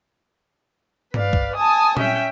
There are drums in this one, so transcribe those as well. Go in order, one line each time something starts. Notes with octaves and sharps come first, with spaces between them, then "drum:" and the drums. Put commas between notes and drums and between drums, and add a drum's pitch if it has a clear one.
B4 D5 F5, drum: tom G2
drum: kick
G#5 A5 D#6
C#4 E5 G5, drum: tom A#2